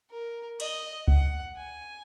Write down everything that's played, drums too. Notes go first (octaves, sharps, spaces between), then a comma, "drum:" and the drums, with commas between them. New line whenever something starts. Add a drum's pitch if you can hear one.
A#4
D#5, drum: cymbal
F#5, drum: kick C#2
G#5